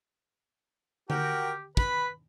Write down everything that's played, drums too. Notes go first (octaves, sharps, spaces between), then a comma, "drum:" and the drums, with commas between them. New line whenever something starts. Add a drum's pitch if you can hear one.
F#4 G4 A#4 G5, drum: tom D3
B4 B5, drum: kick